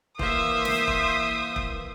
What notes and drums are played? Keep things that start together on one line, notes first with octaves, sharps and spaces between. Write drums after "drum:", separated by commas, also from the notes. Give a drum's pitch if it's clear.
E3 A#3 C5 E5 D#6, drum: kick E1
drum: snare
drum: kick E1
drum: kick E1